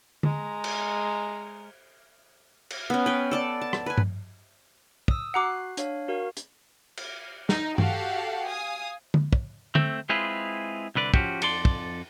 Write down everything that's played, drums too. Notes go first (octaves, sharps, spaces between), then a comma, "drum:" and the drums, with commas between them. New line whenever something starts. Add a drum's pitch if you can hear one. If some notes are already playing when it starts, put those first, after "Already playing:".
G#3 A#5, drum: tom D3
drum: cymbal
drum: cymbal
B3 C#4
B4 G5
A4 D5 A5
A5
drum: rim click
B4 G#5
drum: tom G2
D#6 E6, drum: kick
F#4 F#5 A#5 D6 F#6 C7
D4 C#5 F5, drum: hi-hat
F#4 A#4 F5
drum: hi-hat
drum: cymbal
D#4, drum: snare
F#4 G4 A4 F5 F#5, drum: tom G2
F5 G#5 D#6
drum: tom D3
drum: kick
A3 C4, drum: tom D3
G#3 C4 E4 F4 G#4 B4
C2 D3 B4 D5
F3 C#4 F#4 G4, drum: kick
F2 A4 D5 C6, drum: cymbal
drum: kick